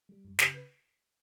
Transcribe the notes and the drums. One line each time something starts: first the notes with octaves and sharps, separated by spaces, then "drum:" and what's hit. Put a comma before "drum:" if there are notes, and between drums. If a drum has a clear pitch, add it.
G3
F#2
C#3 G4, drum: snare
B4